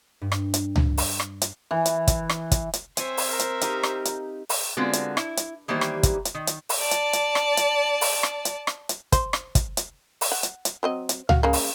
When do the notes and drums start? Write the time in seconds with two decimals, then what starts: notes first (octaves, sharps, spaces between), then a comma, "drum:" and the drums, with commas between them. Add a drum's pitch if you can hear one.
0.21 G2
0.32 drum: rim click
0.54 drum: hi-hat
0.76 drum: tom C#2
0.98 drum: open hi-hat
1.20 drum: rim click
1.42 drum: hi-hat
1.71 E3
1.86 drum: hi-hat
2.07 drum: kick, hi-hat
2.29 drum: rim click
2.51 drum: kick, hi-hat
2.73 drum: hi-hat
2.97 C4 C5 C#5 E5 G#5, drum: hi-hat
3.17 drum: open hi-hat
3.28 A#4
3.39 drum: hi-hat
3.61 D#4 G4 F5, drum: hi-hat
3.83 drum: rim click
4.05 drum: hi-hat
4.49 drum: open hi-hat
4.77 D3 G#3 B3 C4 F4 F#4
4.93 drum: hi-hat
5.17 E4, drum: rim click
5.37 drum: hi-hat
5.68 D#3 E3 G3 A#3 G4 C5
5.81 drum: rim click
6.03 drum: kick, hi-hat
6.25 drum: hi-hat
6.34 D#3
6.47 drum: hi-hat
6.69 drum: open hi-hat
6.80 D5 A5
6.91 drum: hi-hat
7.13 drum: hi-hat
7.35 drum: rim click
7.57 drum: hi-hat
8.01 drum: open hi-hat
8.23 drum: rim click
8.45 drum: hi-hat
8.67 drum: rim click
8.89 drum: hi-hat
9.12 C5, drum: kick, hi-hat
9.33 drum: rim click
9.55 drum: kick, hi-hat
9.77 drum: hi-hat
10.21 drum: open hi-hat
10.32 F#5
10.43 drum: hi-hat
10.65 drum: hi-hat
10.83 F#3 C4 D#5
11.09 drum: hi-hat
11.29 F#4 F5, drum: tom C#2
11.43 C#3 G#3 A#3
11.53 drum: open hi-hat